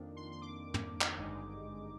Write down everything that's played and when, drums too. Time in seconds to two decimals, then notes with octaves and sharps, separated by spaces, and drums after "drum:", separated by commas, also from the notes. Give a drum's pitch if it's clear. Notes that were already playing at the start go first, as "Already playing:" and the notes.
Already playing: F2 D#3 A#3 D4
0.16 C6
0.32 C6
0.42 D6
0.74 drum: tom
1.01 drum: clap
1.17 G#1 G2 D3 G#3 D#4